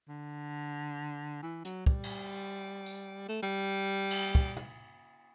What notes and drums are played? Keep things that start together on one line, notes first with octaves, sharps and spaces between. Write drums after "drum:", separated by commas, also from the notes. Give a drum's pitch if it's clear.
D3
E3
F#3, drum: hi-hat
G3, drum: kick
drum: cymbal
drum: tambourine
A3
G3
drum: cymbal
drum: kick
drum: tom